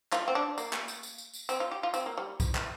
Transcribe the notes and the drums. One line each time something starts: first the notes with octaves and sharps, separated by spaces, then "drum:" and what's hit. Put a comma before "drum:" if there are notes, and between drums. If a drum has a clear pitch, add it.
F4, drum: clap
C4
D4
A#3, drum: tambourine
drum: clap
drum: tambourine
drum: tambourine
drum: tambourine
drum: tambourine
C4, drum: tambourine
F4
G4
F4
C4, drum: tambourine
A#3
G3
drum: kick B1, tambourine
drum: clap